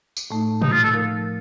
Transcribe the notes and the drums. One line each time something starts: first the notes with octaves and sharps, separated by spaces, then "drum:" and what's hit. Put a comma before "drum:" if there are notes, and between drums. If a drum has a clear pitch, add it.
drum: tambourine
A2 A3 D#4
D#4, drum: tom A#2
F4
A4
F3 A3 D#4 A#4